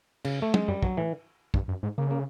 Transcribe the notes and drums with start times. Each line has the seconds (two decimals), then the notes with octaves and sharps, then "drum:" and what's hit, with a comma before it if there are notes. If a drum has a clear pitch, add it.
0.25 C#3, drum: cymbal
0.42 A3
0.54 G#3, drum: tom
0.68 F#2 G3
0.82 G2 F#3, drum: kick
0.97 A2 E3
1.54 G2, drum: kick
1.68 F#2
1.83 G#2
1.98 C#3 A#3
2.11 A#3